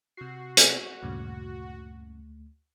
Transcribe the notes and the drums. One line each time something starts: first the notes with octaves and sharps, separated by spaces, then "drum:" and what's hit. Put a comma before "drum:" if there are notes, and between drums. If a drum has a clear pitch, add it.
C3 F#4 C7
drum: hi-hat
D2 G2 A#2 C#3 A3